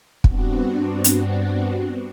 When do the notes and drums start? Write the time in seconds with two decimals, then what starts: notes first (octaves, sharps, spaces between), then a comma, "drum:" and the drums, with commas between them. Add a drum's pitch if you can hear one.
0.24 G2 B3 C4 D4 F#4, drum: kick
1.04 drum: hi-hat